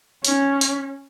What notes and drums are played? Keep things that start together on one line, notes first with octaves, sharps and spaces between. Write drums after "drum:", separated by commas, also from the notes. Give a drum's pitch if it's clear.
C#4, drum: hi-hat
drum: hi-hat